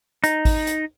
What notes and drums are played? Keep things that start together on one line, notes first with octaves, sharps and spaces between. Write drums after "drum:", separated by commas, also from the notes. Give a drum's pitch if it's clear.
D#4, drum: hi-hat
drum: kick G#1, open hi-hat
drum: hi-hat